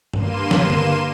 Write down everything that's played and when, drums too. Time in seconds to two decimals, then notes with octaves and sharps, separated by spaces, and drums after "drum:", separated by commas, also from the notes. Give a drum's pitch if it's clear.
0.13 G2 A#3 C6 D#7 E7, drum: tom G2
0.51 drum: snare
0.70 drum: tom D3